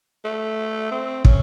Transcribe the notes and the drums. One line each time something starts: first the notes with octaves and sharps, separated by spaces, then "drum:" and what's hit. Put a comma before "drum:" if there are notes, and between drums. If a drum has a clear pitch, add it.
A3
C4
C#4, drum: kick